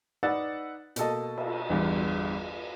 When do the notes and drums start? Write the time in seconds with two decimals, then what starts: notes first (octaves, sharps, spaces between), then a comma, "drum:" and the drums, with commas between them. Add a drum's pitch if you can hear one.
0.23 D#4 B4 D5 F#5 E6 A6
0.96 B2 A#3 A4 D#5, drum: hi-hat
1.38 drum: cymbal
1.70 G1 E2 G2